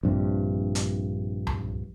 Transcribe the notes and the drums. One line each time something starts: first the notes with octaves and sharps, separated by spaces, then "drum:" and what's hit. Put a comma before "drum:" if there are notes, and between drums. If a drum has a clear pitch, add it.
A#1 G2 C3
drum: hi-hat
drum: tom C#2